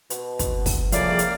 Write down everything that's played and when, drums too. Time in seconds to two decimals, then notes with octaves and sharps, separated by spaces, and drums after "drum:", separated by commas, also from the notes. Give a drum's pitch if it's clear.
0.10 B2, drum: hi-hat
0.39 drum: kick, hi-hat
0.66 drum: kick, open hi-hat
0.92 C2 A2 C#3 F3 A#3 D5 E5 F5, drum: hi-hat
1.19 drum: hi-hat